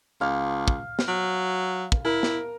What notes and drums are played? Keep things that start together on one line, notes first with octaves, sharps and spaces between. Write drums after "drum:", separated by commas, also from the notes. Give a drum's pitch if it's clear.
C#2 F5
drum: kick
drum: snare
F#3
drum: kick
E4 A#4
drum: snare